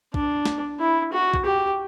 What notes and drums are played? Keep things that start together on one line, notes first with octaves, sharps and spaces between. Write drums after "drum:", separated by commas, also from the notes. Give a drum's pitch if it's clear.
D4, drum: kick
drum: snare
E4
F#4
drum: kick
G4